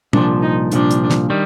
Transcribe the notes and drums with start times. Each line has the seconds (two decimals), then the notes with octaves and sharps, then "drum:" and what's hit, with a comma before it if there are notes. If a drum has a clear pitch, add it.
0.13 C2 A#2 F3 D4, drum: tom
0.42 D#4
0.72 C2 A#2 F3 D4, drum: hi-hat
0.91 drum: hi-hat
1.10 drum: snare
1.30 D#3 G3